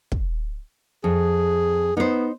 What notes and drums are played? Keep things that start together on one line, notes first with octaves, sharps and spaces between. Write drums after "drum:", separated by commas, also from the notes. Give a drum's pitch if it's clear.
drum: kick
F2 G#4
B3 D#4 C5